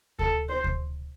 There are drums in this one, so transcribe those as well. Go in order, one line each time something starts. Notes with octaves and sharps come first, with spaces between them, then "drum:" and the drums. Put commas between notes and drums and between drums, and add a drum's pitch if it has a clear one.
A4, drum: kick D2
C5
drum: kick D2